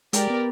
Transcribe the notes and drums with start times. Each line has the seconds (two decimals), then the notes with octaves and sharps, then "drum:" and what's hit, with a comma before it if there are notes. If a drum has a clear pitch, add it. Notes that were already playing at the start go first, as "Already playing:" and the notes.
0.13 G#3 G4 A#4 D5, drum: hi-hat
0.30 B3